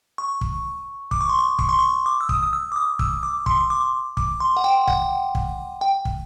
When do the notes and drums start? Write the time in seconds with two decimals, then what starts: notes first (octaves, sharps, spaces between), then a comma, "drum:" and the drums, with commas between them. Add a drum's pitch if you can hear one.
0.18 C#6
0.41 drum: kick
1.11 D6, drum: kick
1.21 C#6
1.29 C6
1.39 C#6
1.59 C#6, drum: kick
1.69 C6
1.79 C#6
2.06 D6
2.21 E6
2.29 D#6, drum: kick
2.43 D#6
2.53 E6
2.72 D6
2.76 D#6
2.99 E6, drum: kick
3.23 D6
3.46 C6, drum: kick
3.70 D6
4.17 D6, drum: kick
4.40 C6
4.57 F#5
4.64 G5
4.87 F#5, drum: kick
5.35 drum: kick
5.81 G5
6.05 drum: kick